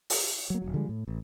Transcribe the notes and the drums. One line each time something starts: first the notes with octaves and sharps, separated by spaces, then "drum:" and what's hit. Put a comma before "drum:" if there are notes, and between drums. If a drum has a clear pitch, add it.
drum: open hi-hat
F#3 A#3
D#1 C#2 F#3
D3 F3 G3 G#3
A2
A1